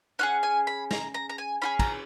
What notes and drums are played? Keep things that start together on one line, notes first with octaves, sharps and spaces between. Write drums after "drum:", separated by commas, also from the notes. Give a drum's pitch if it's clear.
C#4 F4 G#4 F#5
G#5
B5
A#5, drum: snare
A#5
A#5
G#5
C#4 F4 G#4 B5
A#5, drum: kick, cymbal